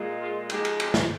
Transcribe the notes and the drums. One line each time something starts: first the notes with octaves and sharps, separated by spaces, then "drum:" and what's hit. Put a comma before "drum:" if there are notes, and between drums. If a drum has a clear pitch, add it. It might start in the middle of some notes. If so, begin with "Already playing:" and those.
Already playing: A#2 G#3
F4
G#2 F3 G#3 G4, drum: cymbal
drum: cymbal
G4, drum: cymbal
drum: snare